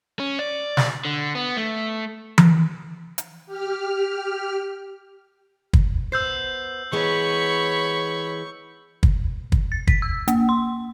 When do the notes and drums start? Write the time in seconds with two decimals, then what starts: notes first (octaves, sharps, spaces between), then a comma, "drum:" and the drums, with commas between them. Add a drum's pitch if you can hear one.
0.20 C#4
0.39 D5
0.77 drum: snare
1.05 D3
1.35 B3
1.56 A3
2.38 drum: tom E3
3.18 drum: hi-hat
3.47 G4 F6
5.73 drum: kick
6.12 B3 C5 E6 G6 C7
6.92 E3 G#3 B3 C#5 B5 C#6
9.03 drum: kick
9.52 drum: kick
9.72 A6
9.87 B6, drum: kick
10.02 E6
10.28 A#3, drum: hi-hat
10.49 C6